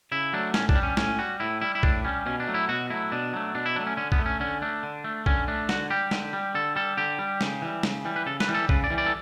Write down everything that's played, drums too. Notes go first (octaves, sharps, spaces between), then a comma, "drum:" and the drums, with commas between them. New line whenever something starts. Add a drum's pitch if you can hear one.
C#3 E4
F#3 A3 D4
A2 C#4, drum: snare
D4, drum: kick B1
G3
C#4
A2 C#4, drum: snare
G3 F#4
A2 E4
G3 E4
E4
A2 D4, drum: kick B1
G3 C#4
B2 C#4
D4
F#3 A3
E4
B2 F#4
F#3 A3 E4
B2 D4
F#3 A3
B2 D4
E4
F#3 A3 D4
C#4
D3 C#4
B3, drum: kick B1
A3
C#4
D3 C#4
A3 D4
D3
A3
D3 C#4, drum: kick B1
A3 D4
D3 F#4, drum: snare
G3 G4
D3, drum: snare
G3
D3 A4
G3 A4
D3 G4
G3
C#3, drum: snare
E3 G3
C#3, drum: snare
E3 G3
B4
C#3 A4
B4, drum: snare
E3 G3
A4
C#3 B4, drum: kick B1
D5
E3 G3
D5
A4